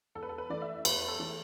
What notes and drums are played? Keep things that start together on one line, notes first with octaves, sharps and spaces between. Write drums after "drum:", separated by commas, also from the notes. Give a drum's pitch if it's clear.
E2 A4
B4
A4
B4
E3 A3 D5
E5
E2 B4, drum: cymbal
A4
E3 A3